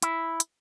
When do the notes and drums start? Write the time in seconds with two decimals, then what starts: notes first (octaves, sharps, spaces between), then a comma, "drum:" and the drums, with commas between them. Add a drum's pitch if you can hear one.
0.02 E4, drum: hi-hat
0.40 drum: hi-hat